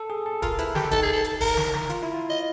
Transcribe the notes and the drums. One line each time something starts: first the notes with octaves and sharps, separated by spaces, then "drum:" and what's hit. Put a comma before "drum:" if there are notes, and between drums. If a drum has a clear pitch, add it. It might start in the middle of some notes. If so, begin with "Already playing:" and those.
Already playing: A4
G#4
A4
F4 A#4, drum: kick, hi-hat
E4 B4, drum: hi-hat
G4 A4, drum: snare
D#4 A4, drum: kick, hi-hat
G#4
A4
drum: hi-hat
A#4, drum: kick, open hi-hat
drum: snare
drum: snare
F4, drum: hi-hat
E4
F4
D#5